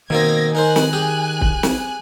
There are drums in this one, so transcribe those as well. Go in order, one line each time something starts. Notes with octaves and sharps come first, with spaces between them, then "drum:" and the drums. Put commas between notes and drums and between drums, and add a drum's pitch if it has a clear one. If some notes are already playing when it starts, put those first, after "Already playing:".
B2 D#3 A#3 C4 G#6 A#6
D#4 A#4 C5 G#5 F#6
drum: snare
G4 G#4
drum: kick
drum: snare